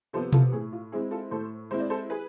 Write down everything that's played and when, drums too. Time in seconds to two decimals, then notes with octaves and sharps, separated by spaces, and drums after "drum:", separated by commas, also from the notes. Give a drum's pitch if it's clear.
0.13 C3 F3 B3 A4 C5
0.33 F4 A4, drum: tom B2
0.52 A2 G#4
0.73 F4
0.92 G#3 C4 E4 G#4
1.11 F4 A4
1.31 A2 A4 C5
1.71 G#3 C4 E4 C5
1.80 D5
1.90 A4 C5
2.10 G#4 B4